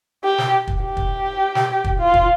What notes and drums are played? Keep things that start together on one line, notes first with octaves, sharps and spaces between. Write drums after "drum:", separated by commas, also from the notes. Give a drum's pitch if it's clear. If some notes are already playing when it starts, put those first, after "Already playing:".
G4
drum: snare
drum: kick
G4
drum: kick
drum: snare
drum: kick
F4
drum: kick